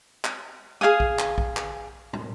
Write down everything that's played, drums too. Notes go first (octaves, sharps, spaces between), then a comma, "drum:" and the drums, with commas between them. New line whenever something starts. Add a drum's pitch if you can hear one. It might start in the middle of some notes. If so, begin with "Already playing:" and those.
drum: clap
G#4 F5 G#5 D#6
drum: kick A#1
drum: clap
drum: kick A#1
drum: clap
drum: tom